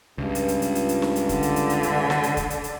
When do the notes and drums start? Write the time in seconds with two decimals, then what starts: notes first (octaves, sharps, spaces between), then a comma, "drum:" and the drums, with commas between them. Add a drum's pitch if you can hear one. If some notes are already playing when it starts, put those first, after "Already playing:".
0.18 C#2 G2
0.35 drum: hi-hat
0.48 drum: hi-hat
0.62 drum: hi-hat
0.75 drum: hi-hat
0.89 drum: hi-hat
1.02 drum: snare
1.16 drum: hi-hat
1.29 D3, drum: kick, hi-hat
1.43 drum: hi-hat
1.56 drum: hi-hat
1.69 drum: hi-hat
1.83 drum: hi-hat
2.10 drum: snare
2.23 drum: hi-hat
2.37 drum: kick, hi-hat
2.50 drum: hi-hat
2.64 drum: hi-hat